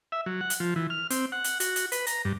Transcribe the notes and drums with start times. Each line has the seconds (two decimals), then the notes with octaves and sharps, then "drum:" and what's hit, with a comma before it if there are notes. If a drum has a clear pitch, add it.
0.12 E5
0.26 F#3
0.41 F#5
0.50 drum: hi-hat
0.60 F3
0.76 E3
0.90 F6
1.10 C4, drum: hi-hat
1.32 F#5
1.44 drum: hi-hat
1.60 F#4, drum: hi-hat
1.76 drum: hi-hat
1.92 B4, drum: hi-hat
2.07 A#5, drum: hi-hat
2.25 G2